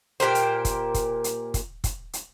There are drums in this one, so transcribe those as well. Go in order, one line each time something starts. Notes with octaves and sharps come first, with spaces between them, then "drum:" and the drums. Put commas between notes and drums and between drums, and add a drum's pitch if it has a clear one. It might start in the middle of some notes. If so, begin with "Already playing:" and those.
A#2 G4 A#4 C5
drum: hi-hat
drum: kick, hi-hat
drum: kick, hi-hat
drum: hi-hat
drum: kick, hi-hat
drum: kick, hi-hat
drum: hi-hat